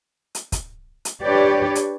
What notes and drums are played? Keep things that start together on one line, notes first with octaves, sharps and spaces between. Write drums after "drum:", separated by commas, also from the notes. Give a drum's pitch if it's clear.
drum: hi-hat
drum: kick, hi-hat
drum: hi-hat
D4 G4 B4 C#5 D5
drum: hi-hat